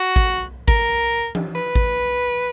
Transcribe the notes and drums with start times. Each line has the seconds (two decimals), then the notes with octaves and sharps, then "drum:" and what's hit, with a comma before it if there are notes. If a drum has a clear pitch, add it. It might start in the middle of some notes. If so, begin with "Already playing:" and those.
Already playing: F#4
0.16 drum: kick G#1
0.68 A#4, drum: kick G#1
1.35 drum: tom E3
1.55 B4
1.75 drum: kick G#1